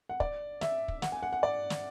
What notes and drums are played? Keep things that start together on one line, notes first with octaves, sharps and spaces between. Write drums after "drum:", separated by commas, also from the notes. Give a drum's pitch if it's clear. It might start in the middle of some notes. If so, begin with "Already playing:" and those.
F#5
D5, drum: kick
E5, drum: snare
drum: kick
F#5, drum: snare
G#5
F#5
F#5
D5
drum: snare